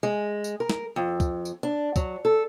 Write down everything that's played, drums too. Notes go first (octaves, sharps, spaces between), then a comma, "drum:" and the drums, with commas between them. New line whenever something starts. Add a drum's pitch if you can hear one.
G#3
drum: tambourine
A#4
drum: snare
F2
drum: kick, tambourine
drum: tambourine
D4
F#3, drum: kick, tambourine
A4